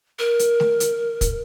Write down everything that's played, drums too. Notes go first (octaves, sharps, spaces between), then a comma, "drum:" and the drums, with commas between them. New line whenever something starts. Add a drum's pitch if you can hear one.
A#4
drum: hi-hat
drum: snare A3
drum: hi-hat
drum: kick, hi-hat